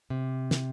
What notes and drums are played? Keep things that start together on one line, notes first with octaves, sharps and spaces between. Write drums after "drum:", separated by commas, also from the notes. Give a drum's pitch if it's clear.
C3
drum: snare